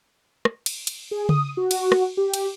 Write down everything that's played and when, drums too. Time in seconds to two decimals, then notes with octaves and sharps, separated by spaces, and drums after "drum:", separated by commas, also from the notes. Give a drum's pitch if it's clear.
0.45 drum: rim click
0.66 drum: cymbal
0.87 drum: cymbal
1.11 G#4
1.29 D#6, drum: tom C#3
1.57 F#4
1.71 drum: cymbal
1.92 drum: rim click
2.17 G4
2.34 drum: cymbal